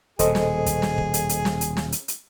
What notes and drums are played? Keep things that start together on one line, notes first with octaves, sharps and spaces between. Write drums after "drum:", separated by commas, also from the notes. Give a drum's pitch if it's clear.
D#1 B2 G#4 A4 C5 D#5, drum: hi-hat
drum: snare
drum: kick, hi-hat
drum: snare
drum: kick
drum: hi-hat
drum: hi-hat
drum: snare
drum: hi-hat
drum: snare
drum: hi-hat
drum: hi-hat